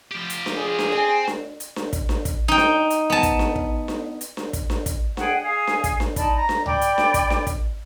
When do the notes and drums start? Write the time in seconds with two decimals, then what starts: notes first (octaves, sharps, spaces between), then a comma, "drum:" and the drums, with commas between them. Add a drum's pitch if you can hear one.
0.11 F3 G4
0.30 drum: hi-hat
0.46 drum: snare D4
0.58 G#4
0.79 drum: snare D4
0.91 C4 G5 G#5
1.27 drum: snare D4
1.60 drum: hi-hat
1.76 drum: snare D4
1.93 drum: kick, hi-hat
2.09 drum: snare D4
2.25 drum: kick, hi-hat
2.48 D#4 G5
2.58 drum: snare D4
2.90 drum: hi-hat
3.10 B3 A5
3.23 drum: kick, hi-hat
3.39 drum: snare D4
3.56 drum: kick
3.88 drum: snare D4
4.21 drum: hi-hat
4.37 drum: snare D4
4.53 drum: kick, hi-hat
4.70 drum: snare D4
4.86 drum: kick, hi-hat
5.17 G#4 F#5 G5, drum: snare D4
5.42 G#4 F5 G#5 D#6
5.67 drum: snare D4
5.84 drum: kick, hi-hat
6.00 drum: snare D4
6.16 D#4 D5 A5 B5, drum: kick, hi-hat
6.35 A#5
6.49 drum: snare D4
6.66 D5 G5 B5 D6, drum: tom C2
6.81 drum: hi-hat
6.98 drum: snare D4
7.14 drum: kick, hi-hat
7.30 drum: snare D4
7.47 drum: kick, hi-hat